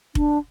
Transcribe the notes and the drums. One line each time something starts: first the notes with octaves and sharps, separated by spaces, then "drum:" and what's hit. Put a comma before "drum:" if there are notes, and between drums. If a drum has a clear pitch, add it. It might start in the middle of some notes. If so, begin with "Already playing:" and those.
D4, drum: kick F1